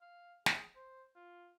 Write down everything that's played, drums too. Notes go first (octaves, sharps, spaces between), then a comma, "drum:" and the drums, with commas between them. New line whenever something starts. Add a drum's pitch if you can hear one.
F5
G#4, drum: snare
C5
F4